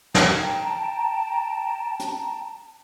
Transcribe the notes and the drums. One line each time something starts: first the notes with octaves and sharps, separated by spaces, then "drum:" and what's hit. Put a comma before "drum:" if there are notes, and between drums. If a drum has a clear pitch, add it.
G5 A5 A#5, drum: snare
drum: hi-hat